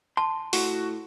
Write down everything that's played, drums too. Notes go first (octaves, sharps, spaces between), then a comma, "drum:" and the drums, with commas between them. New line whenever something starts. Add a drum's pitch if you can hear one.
A5 C6
A2 F#4, drum: open hi-hat